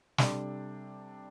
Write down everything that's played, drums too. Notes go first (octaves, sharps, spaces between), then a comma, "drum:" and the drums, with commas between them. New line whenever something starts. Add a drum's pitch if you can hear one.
C3 G3 D4 A4, drum: snare